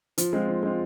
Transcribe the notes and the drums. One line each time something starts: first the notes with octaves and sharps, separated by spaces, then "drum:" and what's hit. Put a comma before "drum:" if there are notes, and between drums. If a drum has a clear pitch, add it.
F3, drum: hi-hat
G#3 C4 F4
F3
G#3 C4 F4